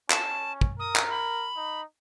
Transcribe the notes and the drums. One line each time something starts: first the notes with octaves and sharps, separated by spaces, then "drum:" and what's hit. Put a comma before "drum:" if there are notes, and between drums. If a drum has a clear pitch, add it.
C#4 A5, drum: clap
drum: kick
A#4 D#6
drum: clap
B5
D#4